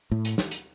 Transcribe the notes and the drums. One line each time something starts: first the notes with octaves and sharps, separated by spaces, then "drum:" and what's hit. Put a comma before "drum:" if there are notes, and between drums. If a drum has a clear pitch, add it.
A2
drum: hi-hat
drum: snare
drum: hi-hat